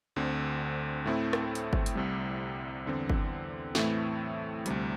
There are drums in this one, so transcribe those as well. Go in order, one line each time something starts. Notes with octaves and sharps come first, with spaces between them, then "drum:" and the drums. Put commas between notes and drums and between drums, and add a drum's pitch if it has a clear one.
D2 D3 C4
A2 A3 C4 E4
drum: rim click
drum: hi-hat
drum: kick G1
drum: hi-hat
C2 C3 G3
E2 D3 C4
drum: kick G1
A2 E3 A3 C4 E4, drum: snare
D2 C3 G3, drum: hi-hat